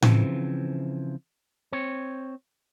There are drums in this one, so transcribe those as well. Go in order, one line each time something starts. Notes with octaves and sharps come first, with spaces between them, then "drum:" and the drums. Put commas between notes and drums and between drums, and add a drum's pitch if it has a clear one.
C#3 E3 F3 C4, drum: tom A2
C4 C#5